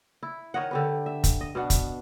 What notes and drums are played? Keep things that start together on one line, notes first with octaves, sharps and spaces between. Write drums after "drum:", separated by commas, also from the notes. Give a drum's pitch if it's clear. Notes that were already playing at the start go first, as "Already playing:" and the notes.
E4
D#3 C#5 D#5 F#5
D3 G4 B4
E5
drum: kick, hi-hat
D#5
B2 B3 D4 F#5
drum: kick, hi-hat